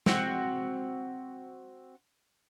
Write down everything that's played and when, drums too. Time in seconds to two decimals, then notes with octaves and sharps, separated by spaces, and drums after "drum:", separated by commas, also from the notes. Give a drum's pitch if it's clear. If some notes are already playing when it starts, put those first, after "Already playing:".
0.06 C4 F#4, drum: snare